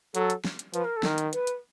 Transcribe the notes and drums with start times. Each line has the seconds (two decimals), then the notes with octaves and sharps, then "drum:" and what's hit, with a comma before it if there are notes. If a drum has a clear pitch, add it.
0.15 F#3 A4, drum: hi-hat
0.30 drum: hi-hat
0.44 drum: snare
0.59 drum: hi-hat
0.74 F3 B4, drum: hi-hat
0.84 A#4
0.97 A4
1.03 D#3 A#4, drum: snare
1.18 drum: hi-hat
1.33 B4, drum: hi-hat
1.47 drum: hi-hat